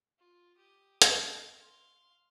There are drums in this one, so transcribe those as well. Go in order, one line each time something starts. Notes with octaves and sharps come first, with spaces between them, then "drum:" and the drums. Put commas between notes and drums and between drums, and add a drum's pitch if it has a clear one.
F4
G4 D#6
D#5, drum: hi-hat
F5 C6